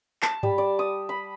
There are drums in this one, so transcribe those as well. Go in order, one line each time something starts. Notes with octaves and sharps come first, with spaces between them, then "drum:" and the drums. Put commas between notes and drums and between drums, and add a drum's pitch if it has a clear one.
A5, drum: clap
G3, drum: tom G2
D5
D#6
B5